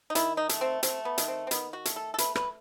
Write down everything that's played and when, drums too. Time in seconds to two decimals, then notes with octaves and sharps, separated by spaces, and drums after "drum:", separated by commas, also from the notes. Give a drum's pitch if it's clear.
0.10 D#4
0.15 D#3 E4, drum: hi-hat
0.37 D#4
0.49 A3, drum: hi-hat
0.61 C4
0.83 A3 C4, drum: hi-hat
1.05 B3
1.18 D#3, drum: hi-hat
1.28 C4
1.47 C4
1.51 D#3 B3, drum: hi-hat
1.73 F#4
1.85 A3, drum: hi-hat
1.96 A4
2.14 A4
2.18 A3 B4, drum: hi-hat
2.35 B4, drum: rim click